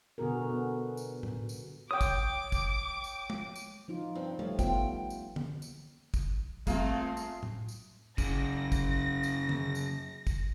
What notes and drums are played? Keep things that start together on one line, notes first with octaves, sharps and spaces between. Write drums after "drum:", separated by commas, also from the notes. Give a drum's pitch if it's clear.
B2 D3 B3 F#4 G#4 A#4
B3
drum: tambourine
drum: tom A2
drum: tambourine
C#5 G5 D6 D#6
drum: kick, tambourine
drum: kick, tambourine
drum: tambourine
drum: tom
drum: tambourine
F3 D#4 F4
G2 C4
F3 G3 A3 C#5
B3 F4 G5, drum: kick, tambourine
drum: tambourine
drum: tom D3
drum: tambourine
drum: kick, tambourine
A3 A#3 C4 F4 G#4 F5, drum: kick, tambourine
drum: tambourine
drum: tom A2
drum: tambourine
F#2 C#3 A#6, drum: kick, tambourine
drum: kick, tambourine
drum: tambourine
drum: tom D3
drum: tambourine
drum: kick, tambourine